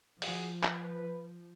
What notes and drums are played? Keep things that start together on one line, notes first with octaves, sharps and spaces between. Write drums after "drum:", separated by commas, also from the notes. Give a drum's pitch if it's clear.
F3 F#4 G#4, drum: open hi-hat
B4, drum: clap